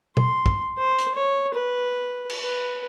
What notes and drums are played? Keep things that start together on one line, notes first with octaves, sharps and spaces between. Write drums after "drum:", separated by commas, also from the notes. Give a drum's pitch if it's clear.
C6, drum: tom B2
drum: kick
C5
drum: hi-hat
C#5
B4
drum: cymbal
B4